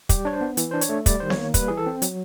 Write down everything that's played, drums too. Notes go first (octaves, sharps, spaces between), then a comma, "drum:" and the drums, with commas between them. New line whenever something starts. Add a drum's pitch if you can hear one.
G3 G4, drum: kick, hi-hat
D4 C#5
C5
B3
E3, drum: hi-hat
D4 C5
C#5, drum: hi-hat
A3
G3 D5, drum: kick, hi-hat
D#3 C5
C#5, drum: snare B3
A#3
G3 B4, drum: kick, hi-hat
E3 G#4
A4
C4
F#3, drum: hi-hat